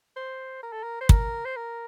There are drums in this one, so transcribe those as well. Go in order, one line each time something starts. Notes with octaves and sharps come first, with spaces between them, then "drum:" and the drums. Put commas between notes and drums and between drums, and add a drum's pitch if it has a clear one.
C5
A#4
A4
A#4
C5
A#4, drum: kick
C5
A#4